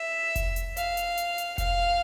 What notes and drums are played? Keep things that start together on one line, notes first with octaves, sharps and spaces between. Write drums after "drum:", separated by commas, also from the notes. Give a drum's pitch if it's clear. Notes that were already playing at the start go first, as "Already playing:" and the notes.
Already playing: E5
drum: kick F1, hi-hat
drum: hi-hat
F5, drum: hi-hat
drum: hi-hat
drum: hi-hat
drum: hi-hat
F5, drum: kick F1, hi-hat